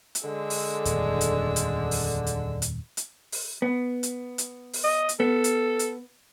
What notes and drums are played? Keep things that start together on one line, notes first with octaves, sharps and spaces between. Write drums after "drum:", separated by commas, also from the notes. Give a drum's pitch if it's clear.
drum: hi-hat
D3 G#3 E6
drum: open hi-hat
D#1 F2, drum: hi-hat
drum: hi-hat
drum: hi-hat
drum: open hi-hat
drum: hi-hat
drum: hi-hat
drum: hi-hat
drum: open hi-hat
B3
drum: hi-hat
drum: hi-hat
drum: open hi-hat
D#5
drum: hi-hat
B3 A4
drum: hi-hat
drum: hi-hat